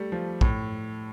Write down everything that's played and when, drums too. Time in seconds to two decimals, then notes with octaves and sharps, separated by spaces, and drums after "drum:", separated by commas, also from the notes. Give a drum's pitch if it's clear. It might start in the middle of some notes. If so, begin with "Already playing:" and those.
Already playing: G3 A3
0.12 F3
0.41 A2, drum: kick